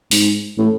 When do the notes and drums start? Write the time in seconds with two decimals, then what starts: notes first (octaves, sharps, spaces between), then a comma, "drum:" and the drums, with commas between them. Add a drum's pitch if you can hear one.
0.11 G#2, drum: open hi-hat
0.58 A2